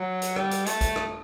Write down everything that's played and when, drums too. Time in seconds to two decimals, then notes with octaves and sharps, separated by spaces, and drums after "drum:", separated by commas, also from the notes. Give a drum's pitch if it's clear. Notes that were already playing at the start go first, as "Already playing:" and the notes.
Already playing: F#3
0.22 drum: hi-hat
0.36 G3, drum: rim click
0.51 drum: hi-hat
0.66 A3, drum: hi-hat
0.81 drum: kick A#1, hi-hat
0.96 drum: rim click